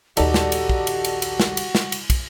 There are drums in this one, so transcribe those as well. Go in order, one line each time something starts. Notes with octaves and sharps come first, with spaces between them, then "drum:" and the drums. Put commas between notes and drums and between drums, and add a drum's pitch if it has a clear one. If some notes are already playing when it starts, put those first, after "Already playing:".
A#1 D#2 D#4 F#4 G4 A4 D5, drum: cymbal
drum: snare
drum: cymbal
drum: kick
drum: cymbal
drum: cymbal
drum: cymbal
drum: snare
drum: cymbal
drum: snare
drum: cymbal
drum: kick, cymbal